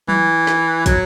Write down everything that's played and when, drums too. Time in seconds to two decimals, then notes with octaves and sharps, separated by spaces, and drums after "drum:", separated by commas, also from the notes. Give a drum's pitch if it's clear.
0.08 E3, drum: tom F#3
0.47 drum: snare
0.86 F#3, drum: kick, hi-hat